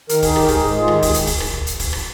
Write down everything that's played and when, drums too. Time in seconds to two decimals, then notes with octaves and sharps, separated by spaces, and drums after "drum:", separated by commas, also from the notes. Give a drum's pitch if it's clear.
0.09 D#3 A#4, drum: hi-hat
0.23 G#4, drum: kick, open hi-hat
0.29 D#4
0.36 G4, drum: rim click
0.43 A#4
0.49 G#2 G#4, drum: kick, open hi-hat
0.68 G#3
0.78 F4
0.88 D#3 G4, drum: rim click
1.03 G#4, drum: kick, open hi-hat
1.14 drum: hi-hat
1.27 drum: kick, open hi-hat
1.40 drum: rim click
1.53 drum: kick
1.67 drum: hi-hat
1.80 drum: kick, open hi-hat
1.93 drum: rim click